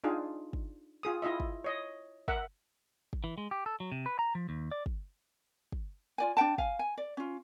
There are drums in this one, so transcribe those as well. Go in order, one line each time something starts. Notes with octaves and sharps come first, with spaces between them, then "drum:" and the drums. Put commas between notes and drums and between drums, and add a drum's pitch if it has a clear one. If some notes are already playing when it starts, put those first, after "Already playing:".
D4 D#4 F4 G#4
drum: kick
F4 G#4 D#6
E4 F4 D#5 E5
drum: kick
C#5 D#5
A#4 E5 F#5, drum: kick
drum: kick
E3
G#3
G4
A4
F#3
C3
B4
A#5
F3
D#2
D5
drum: kick
drum: kick
F4 D5 G#5
D4 A#4 G5 A5
F5 G#5, drum: kick
G#5
D5
C#4 F4